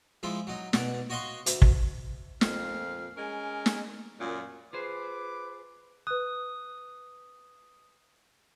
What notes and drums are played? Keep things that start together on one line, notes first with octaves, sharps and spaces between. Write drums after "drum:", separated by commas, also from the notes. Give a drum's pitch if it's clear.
F3 G#3 E4 F4
F#3 D#4
B2 D5 F#5, drum: snare
F#4 C#5 D#5 F5 C6 C#6
D2, drum: hi-hat
drum: kick
F2 A#2 F5, drum: snare
G#3 C#4 A#4
drum: snare
F#2 A#2
F4 G#4 B4 C5 D6
B4 D#6 F#6